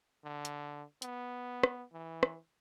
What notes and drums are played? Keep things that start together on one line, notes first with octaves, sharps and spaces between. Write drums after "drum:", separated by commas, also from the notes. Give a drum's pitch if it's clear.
D3
drum: hi-hat
B3, drum: hi-hat
drum: rim click
E3
drum: rim click